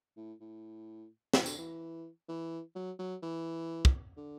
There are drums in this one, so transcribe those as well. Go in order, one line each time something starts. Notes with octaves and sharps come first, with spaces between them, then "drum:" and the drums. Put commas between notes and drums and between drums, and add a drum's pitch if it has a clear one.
A2
A2
E3, drum: snare
D3, drum: tambourine
E3
E3
F#3
F#3
E3
drum: kick
D3